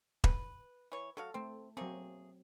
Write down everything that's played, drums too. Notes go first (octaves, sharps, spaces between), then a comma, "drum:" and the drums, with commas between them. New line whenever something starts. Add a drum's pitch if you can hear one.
B4, drum: kick E1
E3 C#5
F#3 F#4 A4 F5
A3 C4 A4
F#3 A3 A#3 C4 G#4